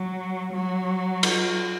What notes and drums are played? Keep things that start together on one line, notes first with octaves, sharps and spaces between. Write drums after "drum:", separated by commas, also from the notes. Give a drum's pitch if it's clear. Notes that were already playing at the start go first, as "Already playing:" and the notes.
Already playing: F#3
F#3
drum: cymbal